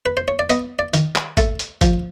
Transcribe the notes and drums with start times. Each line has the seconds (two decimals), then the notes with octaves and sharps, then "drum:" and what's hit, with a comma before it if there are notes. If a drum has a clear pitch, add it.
0.06 B4
0.17 C5
0.28 C#5
0.39 D5
0.50 B3 D#5, drum: hi-hat
0.79 D5
0.94 D#3, drum: hi-hat
1.16 drum: clap
1.37 A3 A4, drum: kick, hi-hat
1.59 drum: hi-hat
1.81 F3, drum: kick, hi-hat